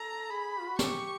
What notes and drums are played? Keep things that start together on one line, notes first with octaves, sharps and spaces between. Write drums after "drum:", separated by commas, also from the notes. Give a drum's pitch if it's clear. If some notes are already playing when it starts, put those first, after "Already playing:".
Already playing: A4 A#5
G#4 B5
F4
F#4
G4 C#6, drum: snare